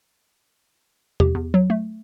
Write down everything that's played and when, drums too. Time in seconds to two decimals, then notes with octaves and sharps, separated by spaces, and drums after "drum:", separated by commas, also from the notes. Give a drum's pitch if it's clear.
1.20 G4, drum: tom E2
1.35 E2
1.54 F#3
1.70 A3